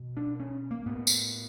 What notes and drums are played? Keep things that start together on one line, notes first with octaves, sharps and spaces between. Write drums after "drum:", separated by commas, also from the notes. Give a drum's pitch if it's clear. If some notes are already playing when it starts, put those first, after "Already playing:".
Already playing: B2
D4
C#4
A#3
A2 B3
drum: tambourine